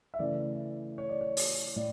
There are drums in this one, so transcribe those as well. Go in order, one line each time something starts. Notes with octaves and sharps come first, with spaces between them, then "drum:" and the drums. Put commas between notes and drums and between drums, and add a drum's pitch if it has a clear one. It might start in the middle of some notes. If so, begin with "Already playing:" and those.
E5
C#3 E3 A3 D5
C#5
D5
C#5
drum: open hi-hat
A2 D5